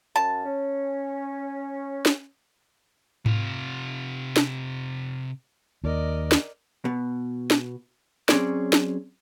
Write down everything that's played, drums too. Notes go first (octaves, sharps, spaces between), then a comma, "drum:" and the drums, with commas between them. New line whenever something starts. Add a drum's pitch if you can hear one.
F#2 A5
C#4
drum: snare
C3 F4, drum: tom G#2
drum: snare
D#2 A#4 D5 D#5
drum: snare
B2
drum: snare
F#3 C4 C#4 G#4 D5, drum: snare
drum: snare